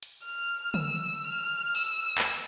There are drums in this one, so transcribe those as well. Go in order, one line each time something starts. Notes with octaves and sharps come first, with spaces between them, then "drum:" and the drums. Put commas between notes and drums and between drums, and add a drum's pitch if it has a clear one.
drum: hi-hat
F6
E6, drum: tom
F6
E6, drum: open hi-hat
drum: clap